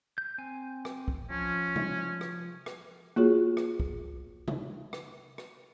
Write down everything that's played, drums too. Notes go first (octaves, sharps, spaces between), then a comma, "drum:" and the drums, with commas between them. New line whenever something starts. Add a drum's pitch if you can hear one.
G6
C4 G#5
drum: rim click
drum: kick
F3 C#4
drum: tom C3
drum: rim click
drum: rim click
A#3 F4 F#4 G#4 C#5
drum: rim click
drum: kick
drum: tom C3
drum: rim click
drum: rim click